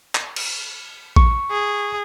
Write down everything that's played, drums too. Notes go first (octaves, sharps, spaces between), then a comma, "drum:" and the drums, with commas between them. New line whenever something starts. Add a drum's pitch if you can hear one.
drum: clap
drum: cymbal
C#6, drum: kick A#1
G#4